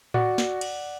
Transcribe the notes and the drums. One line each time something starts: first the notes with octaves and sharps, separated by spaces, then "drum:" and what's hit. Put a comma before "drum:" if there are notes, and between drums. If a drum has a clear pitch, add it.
F#4 D5 F#5, drum: tom A2
drum: snare
drum: cymbal